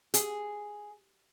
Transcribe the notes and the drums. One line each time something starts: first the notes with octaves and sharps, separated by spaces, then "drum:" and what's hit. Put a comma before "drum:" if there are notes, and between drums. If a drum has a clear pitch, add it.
G#4, drum: hi-hat